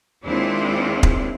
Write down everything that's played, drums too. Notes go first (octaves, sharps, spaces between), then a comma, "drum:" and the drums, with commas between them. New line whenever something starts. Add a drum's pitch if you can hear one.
D#2 G#3 C4 D4 E4 F4
drum: kick